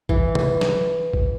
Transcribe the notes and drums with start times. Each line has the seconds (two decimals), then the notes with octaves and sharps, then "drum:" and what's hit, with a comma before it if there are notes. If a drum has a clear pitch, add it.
0.09 E3, drum: kick A1
0.35 drum: tom
0.61 drum: snare
1.13 drum: kick A1